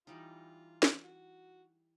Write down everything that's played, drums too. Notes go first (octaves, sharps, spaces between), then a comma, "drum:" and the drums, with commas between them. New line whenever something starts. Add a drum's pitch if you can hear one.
E3 G3 D#4 F4
drum: snare
F#4